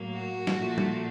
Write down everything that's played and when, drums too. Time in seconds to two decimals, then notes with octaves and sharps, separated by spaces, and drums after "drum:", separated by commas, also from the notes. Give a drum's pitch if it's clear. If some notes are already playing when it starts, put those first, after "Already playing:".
Already playing: A2 F#3 A#3
0.14 F#4
0.47 drum: snare
0.58 A#2 F3 A3
0.78 drum: tom